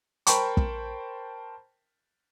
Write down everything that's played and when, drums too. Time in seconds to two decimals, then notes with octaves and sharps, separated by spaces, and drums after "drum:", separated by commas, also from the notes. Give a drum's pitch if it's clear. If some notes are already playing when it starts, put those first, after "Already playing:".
0.27 A#4 C5 G5 A5 B5 C#6, drum: hi-hat
0.57 drum: kick